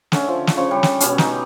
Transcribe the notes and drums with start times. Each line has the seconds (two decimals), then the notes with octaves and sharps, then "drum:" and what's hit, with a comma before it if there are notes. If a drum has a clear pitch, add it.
0.12 D3 C#4 E5, drum: snare
0.28 F3
0.47 drum: snare
0.57 C#3 F3 C#6
0.71 G3
0.83 drum: snare
1.00 B2 G3 C#4, drum: hi-hat
1.18 D#4, drum: snare